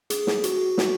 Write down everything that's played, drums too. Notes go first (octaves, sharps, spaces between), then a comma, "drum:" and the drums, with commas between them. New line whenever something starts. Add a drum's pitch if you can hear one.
G#4, drum: hi-hat
drum: snare
F#4, drum: hi-hat
drum: snare